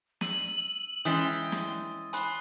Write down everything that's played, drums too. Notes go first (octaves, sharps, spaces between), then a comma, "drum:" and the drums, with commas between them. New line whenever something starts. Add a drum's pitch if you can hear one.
E6 D#7 F#7, drum: snare
E3 G#3 C#4 G5 D#6 A6
drum: snare
G#5 B5 C6 F#6, drum: hi-hat